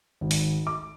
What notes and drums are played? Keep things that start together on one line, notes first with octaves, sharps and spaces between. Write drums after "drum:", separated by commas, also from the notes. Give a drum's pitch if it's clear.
G#1
drum: open hi-hat
D6